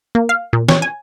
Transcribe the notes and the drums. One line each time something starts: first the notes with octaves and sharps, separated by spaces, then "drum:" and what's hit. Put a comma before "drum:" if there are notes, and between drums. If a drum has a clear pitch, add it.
A#3
F5
A#2
C#5, drum: snare
G#5